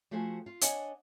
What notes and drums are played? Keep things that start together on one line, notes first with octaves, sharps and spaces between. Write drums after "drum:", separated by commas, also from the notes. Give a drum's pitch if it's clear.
F3 A3 F#4 G4 C5 G#5
F4
D4 C#5 D#5 F#5 G#5, drum: hi-hat